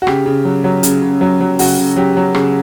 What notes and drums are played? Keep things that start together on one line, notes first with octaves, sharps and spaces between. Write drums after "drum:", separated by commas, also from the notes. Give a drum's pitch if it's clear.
F#4
C#3 G4, drum: rim click
C#3
F#3
F#3
C#3, drum: hi-hat
C#3
F#3
F#3
C#3 F#4, drum: open hi-hat
C#3
F#3 G4
F#3
C#3 G#4, drum: rim click